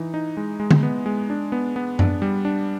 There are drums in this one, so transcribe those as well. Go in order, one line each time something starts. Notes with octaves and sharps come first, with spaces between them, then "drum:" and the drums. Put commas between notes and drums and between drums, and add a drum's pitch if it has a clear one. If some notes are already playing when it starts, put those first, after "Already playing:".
Already playing: E3 D#4
D#4
G#3
G#3
drum: tom D3
B3
G#3
D4
B3
B3
D4, drum: tom F#2
G3
D4